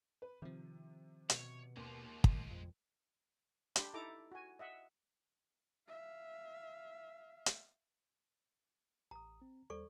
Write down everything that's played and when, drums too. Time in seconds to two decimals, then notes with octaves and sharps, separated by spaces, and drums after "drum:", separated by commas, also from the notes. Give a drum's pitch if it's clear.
0.22 B4
0.42 C3 D#3 F3
1.30 B2 C#5, drum: hi-hat
1.76 D#2 G#3 F4 C6
2.24 drum: kick
2.50 F2
3.76 D4 G4 B5 C6, drum: hi-hat
3.94 D#4 E4 A4 A#5 D6
4.32 F#4 G#5
4.59 D#5 E5 F#5
5.88 E5 F5
7.46 drum: hi-hat
9.11 A1 A#5 D#6
9.42 C4
9.70 D#2 G3 A4 C5 D5 C#6